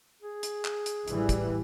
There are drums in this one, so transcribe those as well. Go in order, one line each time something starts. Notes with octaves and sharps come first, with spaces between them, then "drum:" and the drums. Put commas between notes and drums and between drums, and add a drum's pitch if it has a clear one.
G#4
drum: hi-hat
drum: clap
drum: hi-hat
A1 E3 G3, drum: hi-hat
drum: kick, hi-hat